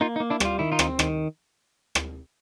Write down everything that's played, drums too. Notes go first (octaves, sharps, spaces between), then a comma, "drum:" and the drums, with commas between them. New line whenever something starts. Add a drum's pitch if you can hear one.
A#3 D#4 F4
D#4
A#3
D4 E4
G3 F4, drum: rim click
D#3 E4
D#4 F4
C4, drum: rim click
D#3, drum: rim click
drum: rim click